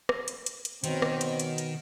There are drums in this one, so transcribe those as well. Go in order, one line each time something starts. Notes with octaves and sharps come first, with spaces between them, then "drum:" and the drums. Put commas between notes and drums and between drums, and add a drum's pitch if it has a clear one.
drum: rim click
drum: hi-hat
drum: hi-hat
drum: hi-hat
B2 D#3 F#3 B3 C4 C#5, drum: hi-hat
drum: rim click
drum: hi-hat
drum: hi-hat
drum: hi-hat